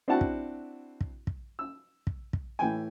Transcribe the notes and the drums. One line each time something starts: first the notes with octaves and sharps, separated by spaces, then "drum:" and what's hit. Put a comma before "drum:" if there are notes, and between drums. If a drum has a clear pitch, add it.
C4 D4 E4 F#4 F#5 A5
drum: kick
drum: kick
drum: kick
E6
drum: kick
drum: kick
A2 E3 G5 G#5